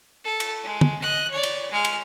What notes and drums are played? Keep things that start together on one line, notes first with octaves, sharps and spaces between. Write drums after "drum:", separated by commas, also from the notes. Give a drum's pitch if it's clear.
A4
drum: cymbal
G#3
drum: tom
D#5 F#6
C#5 D5
drum: cymbal
G#3 F6
drum: cymbal